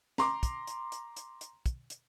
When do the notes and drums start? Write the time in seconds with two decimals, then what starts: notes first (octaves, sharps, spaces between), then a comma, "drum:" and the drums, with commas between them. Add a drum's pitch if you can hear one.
0.18 A#5 C6 D6, drum: snare
0.43 drum: kick, hi-hat
0.67 drum: hi-hat
0.92 drum: hi-hat
1.16 drum: hi-hat
1.41 drum: hi-hat
1.66 drum: kick, hi-hat
1.90 drum: hi-hat